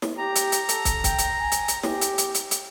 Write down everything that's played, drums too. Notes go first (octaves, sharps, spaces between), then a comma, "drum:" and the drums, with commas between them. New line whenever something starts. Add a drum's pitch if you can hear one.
drum: snare
G4 A#5
drum: hi-hat
drum: hi-hat
A4, drum: hi-hat
drum: kick, hi-hat
G5, drum: kick, hi-hat
drum: hi-hat
G#5
drum: hi-hat
drum: hi-hat
G4, drum: snare
drum: hi-hat
drum: hi-hat
drum: hi-hat
drum: hi-hat